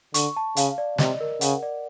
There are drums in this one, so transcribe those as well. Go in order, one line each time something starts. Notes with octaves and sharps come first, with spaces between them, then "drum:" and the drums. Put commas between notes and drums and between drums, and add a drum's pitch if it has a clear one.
D3 C#6, drum: hi-hat
A5
C#3 F5, drum: hi-hat
D5
C3 D#5, drum: snare
A#4
C#3 F#5, drum: hi-hat
D5